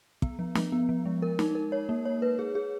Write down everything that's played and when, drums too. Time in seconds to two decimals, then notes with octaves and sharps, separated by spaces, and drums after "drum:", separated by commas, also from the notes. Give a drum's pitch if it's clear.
0.22 B3, drum: kick
0.39 F3
0.55 F3, drum: snare
0.72 B3
0.89 F3
1.05 G#3
1.22 A#4
1.39 D#4, drum: snare
1.55 A#4
1.72 C#5
1.89 A#3
2.05 C#5
2.22 B4
2.39 G#4
2.55 G#4